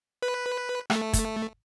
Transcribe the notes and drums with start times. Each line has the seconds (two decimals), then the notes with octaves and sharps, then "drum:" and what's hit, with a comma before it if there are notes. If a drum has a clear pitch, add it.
0.22 B4
0.90 A3, drum: rim click
1.13 drum: kick, hi-hat